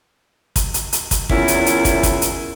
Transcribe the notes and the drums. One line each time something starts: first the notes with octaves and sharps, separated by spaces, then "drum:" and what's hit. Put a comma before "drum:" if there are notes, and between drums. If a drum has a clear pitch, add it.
drum: kick, hi-hat
drum: hi-hat
drum: hi-hat
drum: kick, hi-hat
E2 A#2 C#4 E4, drum: kick
drum: hi-hat
drum: hi-hat
drum: kick, hi-hat
drum: kick, hi-hat
drum: hi-hat